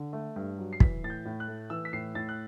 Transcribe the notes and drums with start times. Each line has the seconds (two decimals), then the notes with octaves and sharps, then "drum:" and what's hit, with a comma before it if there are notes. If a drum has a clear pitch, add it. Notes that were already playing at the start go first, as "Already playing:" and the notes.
Already playing: D3
0.13 A3
0.36 G2
0.58 F#3
0.73 C7
0.80 E3 B6, drum: kick
1.03 A2 A6
1.10 G6
1.25 A2
1.40 F#6
1.48 A3
1.70 E3 E6
1.85 B6
1.93 A2 C7
2.15 A2 A6
2.29 F#6